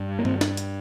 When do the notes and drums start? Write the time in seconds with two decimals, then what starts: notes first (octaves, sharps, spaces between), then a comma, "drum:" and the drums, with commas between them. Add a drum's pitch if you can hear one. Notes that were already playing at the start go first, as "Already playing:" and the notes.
Already playing: G2
0.19 A#3
0.25 C4, drum: tom G2
0.41 drum: snare
0.57 drum: hi-hat